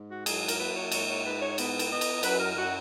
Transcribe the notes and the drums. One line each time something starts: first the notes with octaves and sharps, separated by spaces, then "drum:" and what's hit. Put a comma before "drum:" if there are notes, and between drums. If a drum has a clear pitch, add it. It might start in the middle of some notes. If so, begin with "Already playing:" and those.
Already playing: G#2
F#4
F#3 G#4, drum: cymbal
A#4, drum: cymbal
A#3 B4
C#5
G#2 C#5, drum: cymbal
C#5
G#2 B4
C#5
B3, drum: cymbal
drum: cymbal
B3 D#5
drum: cymbal
F#2 B4, drum: cymbal
A#4
F#2 F#4